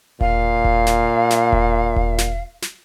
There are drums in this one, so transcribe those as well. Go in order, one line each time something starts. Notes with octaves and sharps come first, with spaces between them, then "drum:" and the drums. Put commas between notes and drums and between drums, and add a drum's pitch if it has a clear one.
A#2 F5, drum: kick E1
drum: kick E1
drum: snare
drum: snare
drum: kick E1
drum: kick E1
drum: snare
drum: snare